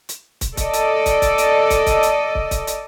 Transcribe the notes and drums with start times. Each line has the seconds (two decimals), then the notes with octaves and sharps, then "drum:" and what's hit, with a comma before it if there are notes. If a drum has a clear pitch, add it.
0.09 drum: hi-hat
0.41 drum: kick, hi-hat
0.57 A4 D5 D#5, drum: kick, hi-hat
0.74 drum: hi-hat
1.06 drum: kick, hi-hat
1.22 drum: kick, hi-hat
1.38 drum: hi-hat
1.70 drum: kick, hi-hat
1.87 drum: kick, hi-hat
2.03 drum: hi-hat
2.35 drum: kick
2.51 drum: kick, hi-hat
2.67 drum: hi-hat